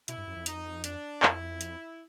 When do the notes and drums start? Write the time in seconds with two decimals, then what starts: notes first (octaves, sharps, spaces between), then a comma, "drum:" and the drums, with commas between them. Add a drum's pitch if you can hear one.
0.08 B2 E4, drum: hi-hat
0.18 G2
0.27 F#2
0.36 F2
0.46 D#4, drum: hi-hat
0.84 D4, drum: hi-hat
1.23 F2 E4, drum: clap
1.61 drum: hi-hat